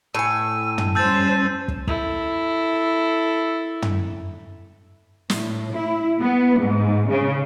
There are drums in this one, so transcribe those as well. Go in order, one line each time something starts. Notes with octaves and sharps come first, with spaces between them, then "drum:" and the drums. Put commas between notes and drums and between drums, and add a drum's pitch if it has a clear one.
A2 G#5 E6 D#7
drum: tom
G3 C#4 C5 A5 E6 G6 A6
drum: kick
E4 A4, drum: kick
drum: tom
A2, drum: snare
E4
B3
G#2
C#3